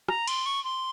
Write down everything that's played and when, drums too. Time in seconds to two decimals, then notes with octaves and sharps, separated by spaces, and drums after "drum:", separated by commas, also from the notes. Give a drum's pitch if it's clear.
0.09 A#5, drum: rim click
0.27 C6, drum: cymbal
0.46 C#6
0.64 C6